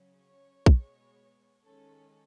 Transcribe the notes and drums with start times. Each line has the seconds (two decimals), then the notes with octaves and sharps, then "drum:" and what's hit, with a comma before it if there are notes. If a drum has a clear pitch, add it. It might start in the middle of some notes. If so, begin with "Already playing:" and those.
Already playing: C#3 F#3 C#4
0.18 C#5
0.66 B2 G#3 B3, drum: kick
1.65 D#3 G#3 C#4 A4